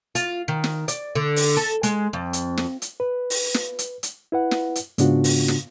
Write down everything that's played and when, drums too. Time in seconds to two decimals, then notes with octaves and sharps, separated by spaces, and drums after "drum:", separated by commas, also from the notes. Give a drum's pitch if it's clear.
0.15 F4, drum: hi-hat
0.48 D#3
0.64 drum: snare
0.88 D5, drum: hi-hat
1.15 D3
1.36 drum: open hi-hat
1.57 A4
1.83 G#3, drum: hi-hat
2.13 F2
2.33 drum: hi-hat
2.57 drum: snare
2.82 drum: hi-hat
3.00 B4
3.30 drum: open hi-hat
3.54 drum: snare
3.79 drum: hi-hat
4.03 drum: hi-hat
4.32 E4 B4 F#5
4.51 drum: snare
4.76 drum: hi-hat
4.98 G#2 C#3 B3 D4 F4 F#4, drum: hi-hat
5.24 drum: open hi-hat
5.48 drum: snare